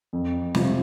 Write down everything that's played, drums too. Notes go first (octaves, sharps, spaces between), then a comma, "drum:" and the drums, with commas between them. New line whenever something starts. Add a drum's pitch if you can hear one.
F2
C3 F3 C4 F4, drum: snare